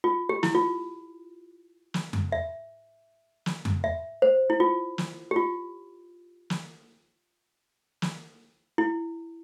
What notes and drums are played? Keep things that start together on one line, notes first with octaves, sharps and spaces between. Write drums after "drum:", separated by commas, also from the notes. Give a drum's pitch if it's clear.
F4
G4
E4, drum: snare
F4
drum: snare
drum: tom F2
E5
drum: snare
drum: tom F2
E5
C5
E4
F4
drum: snare
G4
F4
drum: snare
drum: snare
E4